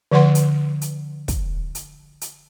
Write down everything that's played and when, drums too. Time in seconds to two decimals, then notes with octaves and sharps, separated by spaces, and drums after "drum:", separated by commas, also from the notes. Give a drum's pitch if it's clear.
0.12 D3 F3 B4 F#5 C6
0.35 drum: hi-hat
0.81 drum: hi-hat
1.28 drum: kick, hi-hat
1.75 drum: hi-hat
2.21 drum: hi-hat